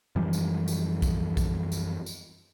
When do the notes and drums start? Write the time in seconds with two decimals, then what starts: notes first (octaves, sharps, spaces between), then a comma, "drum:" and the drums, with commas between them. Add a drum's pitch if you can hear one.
0.16 F#2 E3 F3 G3
0.33 drum: tambourine
0.68 drum: tambourine
1.02 drum: kick B1, tambourine
1.37 drum: kick B1, tambourine
1.72 drum: tambourine
2.06 drum: tambourine